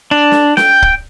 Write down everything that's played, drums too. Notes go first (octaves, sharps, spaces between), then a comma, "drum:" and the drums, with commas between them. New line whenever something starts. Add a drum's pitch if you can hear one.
D4
drum: snare
G5, drum: snare
drum: kick